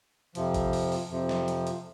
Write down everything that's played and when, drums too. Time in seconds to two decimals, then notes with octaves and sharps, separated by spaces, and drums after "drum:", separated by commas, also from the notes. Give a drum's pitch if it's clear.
0.35 F2 C3 F3, drum: hi-hat
0.54 drum: kick A#1, hi-hat
0.73 drum: open hi-hat
0.92 drum: open hi-hat
1.10 F2 C3 F3
1.29 drum: snare
1.48 drum: hi-hat
1.67 drum: hi-hat